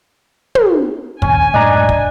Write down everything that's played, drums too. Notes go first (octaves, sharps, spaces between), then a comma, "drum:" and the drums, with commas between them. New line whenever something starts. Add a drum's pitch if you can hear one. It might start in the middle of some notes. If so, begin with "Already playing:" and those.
drum: tom
A#1 D#2 C#4 G#5, drum: kick
F#2 A2 G#3 D4 D#5 A#5
drum: kick